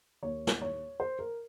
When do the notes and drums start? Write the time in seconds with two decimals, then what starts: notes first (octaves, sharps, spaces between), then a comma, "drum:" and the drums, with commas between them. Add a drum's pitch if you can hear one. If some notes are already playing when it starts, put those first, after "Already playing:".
0.23 D#2 D#3 C#5
0.47 drum: snare
0.62 C#5
1.00 C5
1.19 A#4